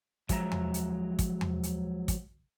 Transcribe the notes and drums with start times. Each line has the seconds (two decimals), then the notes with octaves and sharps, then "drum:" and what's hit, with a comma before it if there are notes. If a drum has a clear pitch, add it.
0.29 F3 F#3 G#3 E5 A5 A#5, drum: kick, hi-hat
0.52 drum: tom E2
0.74 drum: hi-hat
1.19 drum: kick, hi-hat
1.41 drum: tom E2
1.63 drum: hi-hat
2.08 drum: kick, hi-hat